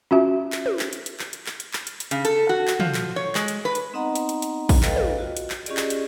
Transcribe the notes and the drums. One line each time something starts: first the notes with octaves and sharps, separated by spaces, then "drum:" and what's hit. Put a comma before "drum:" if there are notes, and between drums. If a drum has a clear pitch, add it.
C#4 F4 F#4 E5
drum: clap
drum: tom
drum: clap
drum: hi-hat
drum: hi-hat
drum: clap
drum: hi-hat
drum: clap
drum: hi-hat
drum: clap
drum: hi-hat
drum: hi-hat
C#3, drum: hi-hat
A4, drum: hi-hat
F#4
drum: clap
F3, drum: tom
drum: clap
C#5
G#3, drum: clap
drum: hi-hat
B4
drum: hi-hat
B3 C4 D#4 D#5 F#5 A#5
drum: hi-hat
drum: hi-hat
drum: hi-hat
drum: kick, open hi-hat
A4 B4 D#5 F5 G5, drum: clap
drum: tom
F4 F#4 D#5
drum: hi-hat
drum: clap
C#4 F4 G4 G#4 D5 D#5, drum: hi-hat
drum: clap
drum: hi-hat